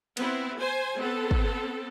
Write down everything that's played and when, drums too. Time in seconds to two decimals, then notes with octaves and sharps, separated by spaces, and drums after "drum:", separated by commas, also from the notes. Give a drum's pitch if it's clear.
0.17 B3 C4 E4, drum: cymbal
0.59 C5 G#5
0.97 B3 C4 A4
1.31 drum: kick